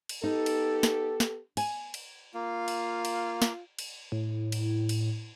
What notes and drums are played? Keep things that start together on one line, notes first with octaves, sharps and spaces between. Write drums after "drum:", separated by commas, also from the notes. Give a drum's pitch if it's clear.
drum: cymbal
B3 D#4 G4 A4
drum: cymbal
drum: snare
drum: snare
G#5, drum: cymbal
drum: cymbal
A#3 F4
drum: cymbal
drum: cymbal
drum: snare
drum: cymbal
A2
drum: cymbal
drum: cymbal